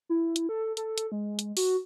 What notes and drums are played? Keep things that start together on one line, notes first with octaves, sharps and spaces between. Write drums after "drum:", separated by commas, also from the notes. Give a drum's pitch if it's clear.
E4
drum: hi-hat
A4
A4, drum: hi-hat
drum: hi-hat
G#3
drum: hi-hat
F#4, drum: open hi-hat